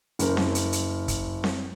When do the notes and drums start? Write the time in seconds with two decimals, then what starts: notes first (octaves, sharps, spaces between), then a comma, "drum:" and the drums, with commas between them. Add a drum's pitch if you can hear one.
0.19 F#1 A#4, drum: hi-hat
0.37 drum: snare C4
0.55 drum: hi-hat
0.73 drum: hi-hat
1.08 drum: kick, hi-hat
1.44 drum: snare C4